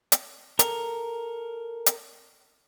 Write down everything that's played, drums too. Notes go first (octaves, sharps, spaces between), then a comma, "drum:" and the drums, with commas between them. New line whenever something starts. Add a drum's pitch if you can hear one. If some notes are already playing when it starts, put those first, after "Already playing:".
drum: hi-hat
A4 A#4, drum: hi-hat
drum: hi-hat